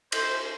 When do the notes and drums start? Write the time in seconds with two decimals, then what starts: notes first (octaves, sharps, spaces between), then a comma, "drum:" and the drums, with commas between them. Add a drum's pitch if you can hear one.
0.12 C5, drum: cymbal